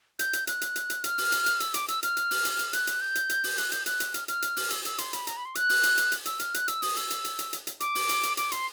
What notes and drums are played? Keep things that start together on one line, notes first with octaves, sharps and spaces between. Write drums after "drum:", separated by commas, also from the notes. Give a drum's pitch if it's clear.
G6, drum: hi-hat
drum: hi-hat
F#6, drum: hi-hat
drum: hi-hat
drum: hi-hat
drum: hi-hat
F6, drum: hi-hat
drum: open hi-hat
drum: hi-hat
drum: hi-hat
E6, drum: hi-hat
D6, drum: hi-hat
E6, drum: hi-hat
F6, drum: hi-hat
drum: hi-hat
drum: open hi-hat
drum: hi-hat
drum: hi-hat
F#6, drum: hi-hat
drum: hi-hat
G6
drum: hi-hat
drum: hi-hat
drum: open hi-hat
F#6, drum: hi-hat
G6, drum: hi-hat
F#6, drum: hi-hat
drum: hi-hat
F6, drum: hi-hat
F6, drum: hi-hat
drum: hi-hat
drum: open hi-hat
E6, drum: hi-hat
E6, drum: hi-hat
C6, drum: hi-hat
B5, drum: hi-hat
A#5, drum: hi-hat
B5
C6
F#6, drum: hi-hat
drum: open hi-hat
drum: hi-hat
drum: hi-hat
drum: hi-hat
E6, drum: hi-hat
F6, drum: hi-hat
F#6, drum: hi-hat
E6, drum: hi-hat
D#6, drum: open hi-hat
E6, drum: hi-hat
drum: hi-hat
drum: hi-hat
drum: hi-hat
drum: hi-hat
drum: hi-hat
D6, drum: hi-hat
drum: open hi-hat
drum: hi-hat
drum: hi-hat
D6, drum: hi-hat
C6, drum: hi-hat